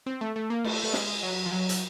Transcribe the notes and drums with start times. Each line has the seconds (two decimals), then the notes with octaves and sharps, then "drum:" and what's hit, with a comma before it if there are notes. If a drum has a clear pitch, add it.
0.06 C4
0.21 A3
0.36 A3
0.50 A#3
0.64 A3, drum: cymbal
0.84 A3
0.93 G#3, drum: snare
1.23 F#3
1.46 F3
1.52 F#3
1.69 drum: hi-hat